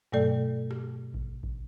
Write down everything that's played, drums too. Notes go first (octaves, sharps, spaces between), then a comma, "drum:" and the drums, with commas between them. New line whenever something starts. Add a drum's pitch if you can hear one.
G2 B2 F#3 A3 A4 D5
drum: rim click
drum: kick A1
drum: kick A1